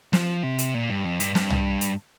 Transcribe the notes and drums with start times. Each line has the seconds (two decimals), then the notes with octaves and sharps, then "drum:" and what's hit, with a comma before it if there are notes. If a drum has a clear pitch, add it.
0.13 F3, drum: snare
0.43 C3
0.58 drum: hi-hat
0.74 A#2
0.90 G2
1.05 F2
1.20 G2, drum: hi-hat
1.35 G2, drum: snare
1.50 drum: tom
1.81 drum: hi-hat